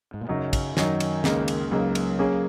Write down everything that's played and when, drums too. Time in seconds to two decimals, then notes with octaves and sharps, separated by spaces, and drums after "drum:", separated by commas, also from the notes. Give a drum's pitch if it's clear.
0.14 G#2
0.21 A#2
0.29 F#2 C#3 F#3 D#4
0.53 drum: kick, cymbal
0.77 F#2 D#3 F#3 D#4, drum: snare
1.00 drum: cymbal
1.24 C#2 C#3 A#3 D#4, drum: snare
1.48 drum: cymbal
1.71 C#2 C#3 F#3 A#3 D#4
1.95 drum: cymbal
2.19 C#3 A#3 C#4 G#4